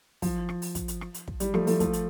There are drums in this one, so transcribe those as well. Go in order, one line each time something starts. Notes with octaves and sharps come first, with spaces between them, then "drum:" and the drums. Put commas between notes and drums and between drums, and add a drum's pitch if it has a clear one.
F3, drum: kick, open hi-hat
drum: rim click
drum: open hi-hat
drum: kick, hi-hat
drum: hi-hat
drum: rim click
drum: hi-hat
drum: kick
G3, drum: hi-hat
F3 A3, drum: rim click
F3 A3, drum: open hi-hat
F3 A3, drum: kick, hi-hat
drum: hi-hat